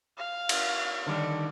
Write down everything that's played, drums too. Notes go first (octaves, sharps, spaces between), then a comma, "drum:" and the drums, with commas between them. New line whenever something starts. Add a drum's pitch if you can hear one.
F5
drum: cymbal
D3 D#3 G3